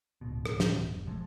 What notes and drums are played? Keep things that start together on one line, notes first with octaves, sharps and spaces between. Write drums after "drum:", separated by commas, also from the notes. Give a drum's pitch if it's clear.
D1 C#2 B2
drum: rim click
drum: snare
F#1
C3 F3 G#3 A3